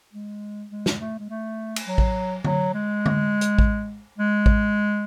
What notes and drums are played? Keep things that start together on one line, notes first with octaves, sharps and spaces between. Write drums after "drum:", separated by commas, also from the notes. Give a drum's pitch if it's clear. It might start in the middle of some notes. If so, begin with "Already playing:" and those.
G#3
G#3
drum: snare
A3
G#3
A3
drum: cymbal
F#3
drum: kick A1
F#3, drum: tom D3
G#3
drum: tom D3
drum: hi-hat
drum: kick A1
G#3
drum: kick A1